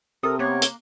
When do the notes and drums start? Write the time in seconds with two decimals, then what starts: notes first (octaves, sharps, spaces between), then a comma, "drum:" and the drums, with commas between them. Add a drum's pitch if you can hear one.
0.23 C3 A4 A#4 D#6
0.39 A#3 B3 C#5 F#6
0.62 drum: hi-hat